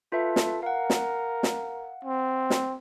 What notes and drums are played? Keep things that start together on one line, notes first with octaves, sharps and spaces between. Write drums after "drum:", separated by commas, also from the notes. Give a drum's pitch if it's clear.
F4 A4 B4 E5
drum: snare
A#4 F5 F#5
drum: snare
drum: snare
C4
drum: snare